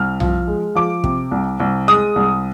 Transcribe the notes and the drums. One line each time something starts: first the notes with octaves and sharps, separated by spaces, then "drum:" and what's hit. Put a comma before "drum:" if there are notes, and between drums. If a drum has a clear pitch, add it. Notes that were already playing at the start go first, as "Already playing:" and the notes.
Already playing: C2 F6
F3, drum: tom B1
G#3
F3 D6
C3, drum: kick
C2
C2
G#3 D#6
C2